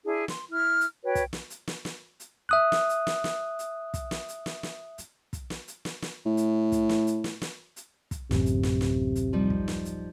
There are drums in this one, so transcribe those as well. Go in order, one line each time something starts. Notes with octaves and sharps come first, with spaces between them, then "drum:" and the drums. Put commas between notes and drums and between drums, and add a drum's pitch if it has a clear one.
D4 E4 G#4
C6, drum: snare
E4 F6
drum: hi-hat
F#4 B4 C#5 G5
drum: kick, hi-hat
drum: snare
drum: hi-hat
drum: snare
drum: snare
drum: hi-hat
E5 D#6 F#6
drum: snare
drum: hi-hat
drum: snare
drum: snare
drum: hi-hat
drum: kick, hi-hat
drum: snare
drum: hi-hat
drum: snare
drum: snare
drum: hi-hat
drum: kick, hi-hat
drum: snare
drum: hi-hat
drum: snare
drum: snare
A2
drum: hi-hat
drum: kick, hi-hat
drum: snare
drum: hi-hat
drum: snare
drum: snare
drum: hi-hat
drum: kick, hi-hat
D1 A1 F#2 C3, drum: snare
drum: hi-hat
drum: snare
drum: snare
drum: hi-hat
F3 G3 D#4
drum: kick
drum: snare
drum: hi-hat